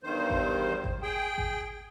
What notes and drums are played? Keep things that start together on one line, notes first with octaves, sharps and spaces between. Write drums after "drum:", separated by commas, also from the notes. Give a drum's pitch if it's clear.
E2 G2 D#3 C5
drum: kick G#1
drum: kick G#1
G#4 G5
drum: kick G#1